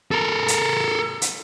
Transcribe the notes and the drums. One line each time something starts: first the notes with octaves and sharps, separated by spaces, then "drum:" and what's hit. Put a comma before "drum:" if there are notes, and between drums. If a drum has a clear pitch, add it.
A4 A#4
drum: hi-hat
drum: hi-hat